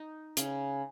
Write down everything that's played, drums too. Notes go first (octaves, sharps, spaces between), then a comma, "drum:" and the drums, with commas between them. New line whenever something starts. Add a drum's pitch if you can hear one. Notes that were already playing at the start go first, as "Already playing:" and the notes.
Already playing: D#4
C#3, drum: hi-hat